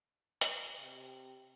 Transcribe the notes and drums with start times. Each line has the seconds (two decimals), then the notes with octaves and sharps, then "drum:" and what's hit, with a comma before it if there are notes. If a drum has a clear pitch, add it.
0.41 drum: hi-hat
0.80 C3